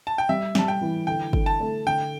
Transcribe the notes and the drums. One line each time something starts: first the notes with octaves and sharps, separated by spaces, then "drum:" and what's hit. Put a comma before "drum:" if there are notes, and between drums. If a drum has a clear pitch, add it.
A5
G5
G3 E5
G3 A5, drum: snare F3
G5
E3
D3 G5
D3, drum: kick
A5
A3
D3 G5